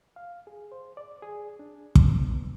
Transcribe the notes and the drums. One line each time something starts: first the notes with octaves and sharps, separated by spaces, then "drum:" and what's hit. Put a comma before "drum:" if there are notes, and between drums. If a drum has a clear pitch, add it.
F5
G#4
C5
D5
G#4
D4
drum: kick
B3